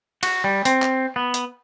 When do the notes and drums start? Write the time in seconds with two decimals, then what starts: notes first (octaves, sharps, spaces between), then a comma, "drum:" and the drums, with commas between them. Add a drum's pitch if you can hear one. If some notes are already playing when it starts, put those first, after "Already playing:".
0.23 F#4, drum: cymbal
0.44 G3
0.65 C4, drum: hi-hat
0.82 drum: clap
1.16 B3
1.34 drum: hi-hat